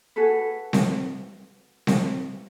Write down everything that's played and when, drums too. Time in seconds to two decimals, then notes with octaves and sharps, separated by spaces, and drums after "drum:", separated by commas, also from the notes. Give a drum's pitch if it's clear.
0.16 F#4 G#4 A4 B4
0.73 drum: snare C4
1.87 drum: snare C4